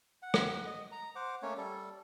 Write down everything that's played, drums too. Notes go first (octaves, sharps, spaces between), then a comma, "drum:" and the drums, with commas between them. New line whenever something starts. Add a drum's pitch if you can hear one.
F#5
drum: rim click
D#5
A#5
C5 F#5 D6
A3 A#3 C#4 C#5
G3 A4